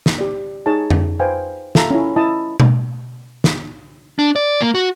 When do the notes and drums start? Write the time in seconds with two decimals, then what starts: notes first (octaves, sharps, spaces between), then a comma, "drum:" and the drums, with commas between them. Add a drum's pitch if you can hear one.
0.06 drum: snare
0.18 G4 D5
0.66 D#4 G#4 C#5 A5
0.90 drum: tom F2
1.20 B4 C5 F5 G5 G#5
1.75 F4 A4 E5 F5 A5 A#5, drum: snare
1.91 C#4 E4
2.16 E4 D#5 A5 D#6
2.60 drum: tom B2
3.44 drum: snare
4.19 D4
4.36 D5
4.61 A#3
4.75 F#4